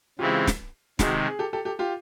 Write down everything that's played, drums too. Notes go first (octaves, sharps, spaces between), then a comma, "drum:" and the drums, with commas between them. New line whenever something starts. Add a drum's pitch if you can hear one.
C#3 E3 G#3 C4 E4 F4 G4
drum: snare
C3 D#3 G#3 F#4 G#4, drum: snare
G#4
G4 A4
G4 A4
G4 A4
F4 G4